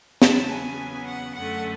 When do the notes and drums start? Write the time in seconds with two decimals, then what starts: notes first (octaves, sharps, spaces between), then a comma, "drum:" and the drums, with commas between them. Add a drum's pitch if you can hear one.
0.22 E2 C#3 F#3 B3 A5, drum: snare
0.50 G#5
1.06 F#5
1.34 F#2 D3 A3 F#5